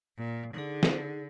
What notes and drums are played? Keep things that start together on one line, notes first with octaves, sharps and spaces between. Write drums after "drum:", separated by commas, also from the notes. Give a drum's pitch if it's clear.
A#2
D3 D#4 G#4
drum: snare